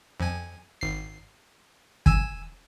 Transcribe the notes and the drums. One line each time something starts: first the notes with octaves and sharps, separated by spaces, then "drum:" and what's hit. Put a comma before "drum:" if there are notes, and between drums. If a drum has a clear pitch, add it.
F2 G#5
G#1 C7
G#5 E6, drum: kick